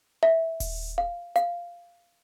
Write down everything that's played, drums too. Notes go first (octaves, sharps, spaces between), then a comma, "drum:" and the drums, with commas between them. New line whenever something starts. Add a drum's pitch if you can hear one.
E5
drum: kick D#1, open hi-hat
F5
F5, drum: hi-hat